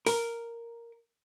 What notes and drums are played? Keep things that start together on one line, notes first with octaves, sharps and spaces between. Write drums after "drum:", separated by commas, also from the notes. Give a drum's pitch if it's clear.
A#4, drum: open hi-hat